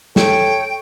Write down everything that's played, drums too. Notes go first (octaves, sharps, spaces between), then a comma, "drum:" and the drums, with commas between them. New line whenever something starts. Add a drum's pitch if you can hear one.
A4 C#5 G5, drum: snare